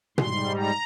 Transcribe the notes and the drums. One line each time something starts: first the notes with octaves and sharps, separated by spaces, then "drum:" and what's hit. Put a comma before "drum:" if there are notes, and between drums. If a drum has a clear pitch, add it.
G#2 G3 C6, drum: tom B2
A#5